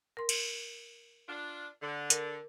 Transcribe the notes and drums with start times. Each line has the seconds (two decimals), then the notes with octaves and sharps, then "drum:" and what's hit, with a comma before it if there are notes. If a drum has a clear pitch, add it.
0.17 A#4 C6
0.29 drum: cymbal
1.28 D4 F4
1.82 D3
2.10 A#4, drum: hi-hat